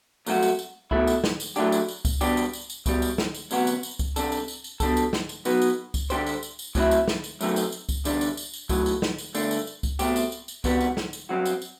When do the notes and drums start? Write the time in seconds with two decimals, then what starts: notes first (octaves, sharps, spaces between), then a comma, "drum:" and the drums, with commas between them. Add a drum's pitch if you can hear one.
0.27 G2 F#3 A3 C4 F#4, drum: tambourine
0.43 drum: tambourine
0.59 drum: tambourine
0.91 B1 B2 F#3 A3 E4, drum: kick C#2
1.07 drum: tambourine
1.24 drum: snare
1.40 drum: tambourine
1.56 A2 F#3 A3 D4 G4, drum: tambourine
1.72 drum: tambourine
1.88 drum: tambourine
2.05 drum: kick C#2, tambourine
2.21 E2 B2 G3 D4 G4, drum: tambourine
2.37 drum: tambourine
2.53 drum: tambourine
2.70 drum: tambourine
2.86 B1 B2 G3, drum: kick C#2, tambourine
3.02 drum: tambourine
3.18 drum: snare
3.34 drum: tambourine
3.51 D2 C3 F#3 B3 F#4, drum: tambourine
3.67 drum: tambourine
3.83 drum: tambourine
3.99 drum: kick C#2, tambourine
4.16 C3 G3 D4 A4, drum: tambourine
4.32 drum: tambourine
4.48 drum: tambourine
4.64 drum: tambourine
4.80 B1 B2 G3 D4 A4, drum: kick C#2, tambourine
4.97 drum: tambourine
5.13 drum: snare
5.29 drum: tambourine
5.45 B2 F#3 B3 F#4 B4, drum: tambourine
5.62 drum: tambourine
5.94 drum: kick C#2, tambourine
6.10 D3 G3 D4 G4 C5, drum: tambourine
6.26 drum: tambourine
6.43 drum: tambourine
6.59 drum: tambourine
6.75 A2 F#3 C4 E4, drum: kick C#2, tambourine
6.91 drum: tambourine
7.08 drum: snare
7.24 drum: tambourine
7.41 F#2 F#3 A3 C4, drum: tambourine
7.56 drum: tambourine
7.72 drum: tambourine
7.89 drum: kick C#2, tambourine
8.05 E2 D3 G3 D4, drum: tambourine
8.21 drum: tambourine
8.37 drum: tambourine
8.54 drum: tambourine
8.69 B1 A2 F#3, drum: kick C#2, tambourine
8.86 drum: tambourine
9.02 drum: snare
9.18 drum: tambourine
9.35 G2 D3 A3 D4, drum: tambourine
9.51 drum: tambourine
9.67 drum: tambourine
9.83 drum: kick C#2, tambourine
9.99 C2 B2 A3 C4 G4, drum: tambourine
10.16 drum: tambourine
10.32 drum: tambourine
10.48 drum: tambourine
10.64 E2 C3 G3 B3 F#4, drum: kick C#2, tambourine
10.81 drum: tambourine
10.97 drum: snare
11.13 drum: tambourine
11.29 G2 F#3 C4 F#4
11.45 drum: tambourine
11.62 drum: tambourine